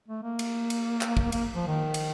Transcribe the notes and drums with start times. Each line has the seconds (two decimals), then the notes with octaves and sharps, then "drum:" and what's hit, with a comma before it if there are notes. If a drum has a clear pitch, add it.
0.08 A3
0.23 A#3
0.39 drum: cymbal
0.70 drum: cymbal
1.01 drum: clap
1.17 drum: kick
1.32 A#3, drum: cymbal
1.55 F3
1.67 D#3
1.94 drum: cymbal